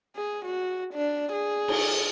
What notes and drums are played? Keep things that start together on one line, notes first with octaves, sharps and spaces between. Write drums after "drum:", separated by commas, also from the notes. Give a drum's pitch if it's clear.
G#4
F#4
D4
G#4
drum: cymbal